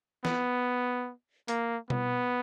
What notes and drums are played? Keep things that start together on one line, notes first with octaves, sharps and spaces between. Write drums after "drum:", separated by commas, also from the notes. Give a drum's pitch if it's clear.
B3, drum: snare
A#3, drum: hi-hat
B3, drum: tom B2